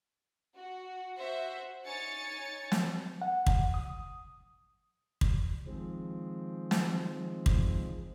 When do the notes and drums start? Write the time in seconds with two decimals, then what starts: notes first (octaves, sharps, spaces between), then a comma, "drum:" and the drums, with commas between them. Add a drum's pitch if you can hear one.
0.55 F#4
1.17 F#4 C5 E5
1.84 D#4 C#5 G#5 A6 C#7
2.72 drum: snare
3.22 F#5
3.46 drum: kick
3.74 D#6
5.21 drum: kick
5.67 D#3 F3 G#3 C4
6.71 drum: snare
7.46 drum: kick